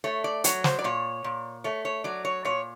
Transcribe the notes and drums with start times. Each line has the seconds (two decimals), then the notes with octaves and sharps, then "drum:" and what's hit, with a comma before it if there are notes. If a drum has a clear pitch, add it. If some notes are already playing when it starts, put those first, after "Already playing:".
0.04 A3 C#5
0.24 D5
0.44 F#3 C#5, drum: hi-hat
0.64 C5, drum: snare
0.79 D5
0.84 A#2 C#5
1.24 A#2
1.64 A3 C#5
1.85 C#5
2.04 F#3 D5
2.25 C#5
2.45 A#2 C#5